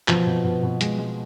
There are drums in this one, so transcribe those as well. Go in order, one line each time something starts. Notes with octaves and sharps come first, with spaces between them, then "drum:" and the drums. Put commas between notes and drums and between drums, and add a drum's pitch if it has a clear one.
B2 F3, drum: clap
B2
B2
B2
G#3, drum: hi-hat
G#3